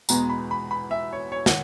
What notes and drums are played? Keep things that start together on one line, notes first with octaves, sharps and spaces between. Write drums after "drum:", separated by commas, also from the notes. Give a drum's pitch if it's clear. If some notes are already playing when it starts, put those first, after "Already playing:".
E2 B2 G#3 B3 A#5, drum: tambourine
B5
B5
B5
E5
C#5
C#5
F#5, drum: snare